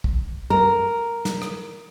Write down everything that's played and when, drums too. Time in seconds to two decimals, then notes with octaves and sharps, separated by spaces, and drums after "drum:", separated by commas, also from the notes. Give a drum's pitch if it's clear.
0.04 drum: kick
0.50 A#4
1.25 drum: snare
1.42 drum: rim click